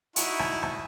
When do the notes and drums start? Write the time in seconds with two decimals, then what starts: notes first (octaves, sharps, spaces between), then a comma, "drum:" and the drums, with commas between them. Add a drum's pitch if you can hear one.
0.16 D#4 E4 F#4, drum: hi-hat
0.39 drum: rim click
0.63 drum: rim click